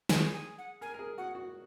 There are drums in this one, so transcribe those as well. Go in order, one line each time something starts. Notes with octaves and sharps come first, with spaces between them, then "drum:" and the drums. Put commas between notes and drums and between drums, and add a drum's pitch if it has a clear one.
G#4 G#5, drum: snare
G#5
F#5
A#4 G#5
A#4
G#4
F#4 F#5
F#4